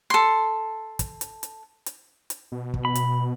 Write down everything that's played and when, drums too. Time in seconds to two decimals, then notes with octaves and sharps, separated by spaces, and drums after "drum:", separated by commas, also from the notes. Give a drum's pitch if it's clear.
0.10 A4 C6
0.99 drum: kick, hi-hat
1.21 drum: hi-hat
1.43 drum: hi-hat
1.86 drum: hi-hat
2.30 drum: hi-hat
2.52 B2
2.74 drum: kick
2.85 B5
2.95 drum: hi-hat